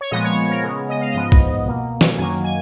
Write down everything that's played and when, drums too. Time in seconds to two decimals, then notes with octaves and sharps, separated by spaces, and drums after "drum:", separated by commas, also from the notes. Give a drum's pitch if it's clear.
0.01 C#5
0.11 A#2 F3 G#3 B3 D#5
0.24 C#5
0.50 A#4
0.63 C#3 G#3 B3
0.89 D#5
1.01 F5
1.12 G#2 F3 B3 D#5
1.32 drum: kick
1.66 B2 A#3
2.01 drum: snare
2.19 F#2 D#3 F#3 A#3 G#5
2.44 G#5